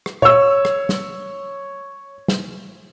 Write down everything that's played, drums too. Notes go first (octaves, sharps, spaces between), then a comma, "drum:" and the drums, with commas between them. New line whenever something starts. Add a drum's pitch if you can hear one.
drum: rim click
C#5 E6, drum: tom A#2
drum: rim click
drum: snare
drum: snare